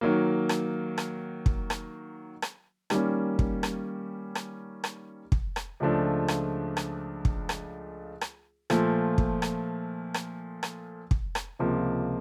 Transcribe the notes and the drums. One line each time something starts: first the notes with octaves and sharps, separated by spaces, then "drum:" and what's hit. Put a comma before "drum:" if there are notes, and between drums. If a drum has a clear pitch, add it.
D#3 F#3 A#3
drum: rim click
drum: rim click
drum: kick
drum: rim click
drum: rim click
D#3 G3 A#3 C#4, drum: rim click
drum: kick
drum: rim click
drum: rim click
drum: rim click
drum: kick
drum: rim click
C#2 C#3 F3 A3 D4
drum: rim click
drum: rim click
drum: kick
drum: rim click
drum: rim click
A#2 F3 A3, drum: rim click
drum: kick
drum: rim click
drum: rim click
drum: rim click
drum: kick
drum: rim click
C#2 C3 F3 A#3